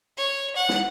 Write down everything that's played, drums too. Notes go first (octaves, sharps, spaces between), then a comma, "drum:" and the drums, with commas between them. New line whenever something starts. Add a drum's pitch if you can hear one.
C#5
F#5
drum: snare